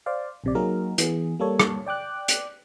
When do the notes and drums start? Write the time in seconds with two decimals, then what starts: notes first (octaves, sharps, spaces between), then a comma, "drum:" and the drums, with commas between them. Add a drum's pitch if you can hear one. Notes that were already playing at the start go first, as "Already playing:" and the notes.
0.06 C5 D5 F5
0.44 A#1 C3 D5
0.55 F#3 A#3 D#4 F#4 G#4 A#4
0.98 E3 B3 G#4, drum: hi-hat
1.39 G3 A#3 A4 C#5
1.60 drum: rim click
1.86 D5 G5 D6 F#6
2.28 drum: hi-hat